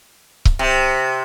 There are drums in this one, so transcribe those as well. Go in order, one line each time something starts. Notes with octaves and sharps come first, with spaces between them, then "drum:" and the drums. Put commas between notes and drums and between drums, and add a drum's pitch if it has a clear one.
drum: kick C#1
C3